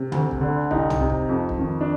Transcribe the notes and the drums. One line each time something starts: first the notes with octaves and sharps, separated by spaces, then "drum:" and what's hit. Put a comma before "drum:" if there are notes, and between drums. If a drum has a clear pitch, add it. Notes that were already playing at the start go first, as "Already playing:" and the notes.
Already playing: C3
D2, drum: tom D3
drum: kick
D3
C2 D#4, drum: kick
drum: tom
C3
drum: kick
F2
drum: kick
D#3
D4